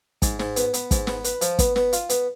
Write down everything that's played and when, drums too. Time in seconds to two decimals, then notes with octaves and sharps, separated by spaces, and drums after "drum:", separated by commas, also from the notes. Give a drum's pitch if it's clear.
0.22 G#2, drum: kick, hi-hat
0.39 G#2, drum: snare
0.56 B3, drum: hi-hat
0.74 B3, drum: hi-hat
0.91 G#2, drum: kick, hi-hat
1.07 B3, drum: snare
1.24 B4, drum: hi-hat
1.41 F3, drum: hi-hat
1.59 B3, drum: kick, hi-hat
1.76 B3, drum: snare
1.93 F4, drum: hi-hat
2.09 B3, drum: hi-hat